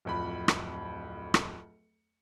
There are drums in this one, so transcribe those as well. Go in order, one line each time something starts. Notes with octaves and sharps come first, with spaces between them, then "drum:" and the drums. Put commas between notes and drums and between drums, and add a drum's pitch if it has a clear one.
D1 F2 B5
drum: rim click
drum: rim click